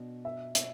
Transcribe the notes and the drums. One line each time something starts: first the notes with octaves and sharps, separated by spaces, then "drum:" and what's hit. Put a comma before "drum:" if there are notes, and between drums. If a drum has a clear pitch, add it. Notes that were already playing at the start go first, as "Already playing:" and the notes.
Already playing: B2 B3 D4
E5
E5, drum: hi-hat